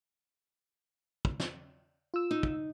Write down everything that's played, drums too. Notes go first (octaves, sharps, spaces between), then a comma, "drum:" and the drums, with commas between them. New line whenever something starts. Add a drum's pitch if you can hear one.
drum: kick
drum: snare
F4 E6
D#4
drum: kick